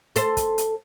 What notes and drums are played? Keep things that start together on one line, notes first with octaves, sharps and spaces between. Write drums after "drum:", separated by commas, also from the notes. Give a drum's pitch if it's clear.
A4 C5, drum: hi-hat
drum: kick, hi-hat
drum: hi-hat